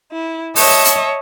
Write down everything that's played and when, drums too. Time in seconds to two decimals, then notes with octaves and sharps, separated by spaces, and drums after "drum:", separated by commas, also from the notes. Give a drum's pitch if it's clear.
0.12 E4
0.56 C#5 D#5 E5 A5, drum: open hi-hat
0.84 drum: hi-hat